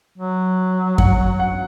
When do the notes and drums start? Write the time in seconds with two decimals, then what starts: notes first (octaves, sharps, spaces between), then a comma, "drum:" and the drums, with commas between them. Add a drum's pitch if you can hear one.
0.18 F#3
0.98 F#5, drum: kick F#2
1.40 F#5